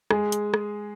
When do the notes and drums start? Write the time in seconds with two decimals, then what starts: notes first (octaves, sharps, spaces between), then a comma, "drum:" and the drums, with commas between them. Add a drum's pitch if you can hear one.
0.11 G#3 G#4, drum: rim click
0.32 drum: hi-hat
0.54 drum: rim click